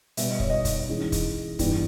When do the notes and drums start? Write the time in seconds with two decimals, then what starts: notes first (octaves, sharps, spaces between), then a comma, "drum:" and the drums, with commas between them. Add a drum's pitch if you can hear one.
0.17 B2 G3 B3 E5, drum: hi-hat
0.29 D#5
0.40 C#5, drum: kick
0.50 D#5
0.65 drum: kick, hi-hat
0.89 G#2 E3 G#3 C#4
1.12 drum: kick, hi-hat
1.59 G2 E3 G3 B3, drum: kick, hi-hat